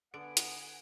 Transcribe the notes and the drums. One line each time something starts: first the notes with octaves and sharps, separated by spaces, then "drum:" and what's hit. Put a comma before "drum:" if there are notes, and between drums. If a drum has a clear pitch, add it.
D3 B3 F#5 G#5 D7
drum: hi-hat